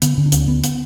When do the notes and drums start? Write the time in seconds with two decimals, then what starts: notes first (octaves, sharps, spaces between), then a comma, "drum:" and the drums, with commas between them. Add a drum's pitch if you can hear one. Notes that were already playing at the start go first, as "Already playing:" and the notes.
0.02 D3 B3, drum: hi-hat
0.17 D3 C#4
0.26 D4
0.32 D2 C#4, drum: hi-hat
0.47 D3 B3
0.64 B3, drum: hi-hat